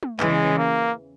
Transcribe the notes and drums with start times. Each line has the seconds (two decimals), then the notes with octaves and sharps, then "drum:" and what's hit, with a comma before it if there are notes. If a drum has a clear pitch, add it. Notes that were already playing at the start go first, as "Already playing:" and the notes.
0.03 drum: tom
0.20 E2 C#3 E3 G#3, drum: clap
0.58 A#3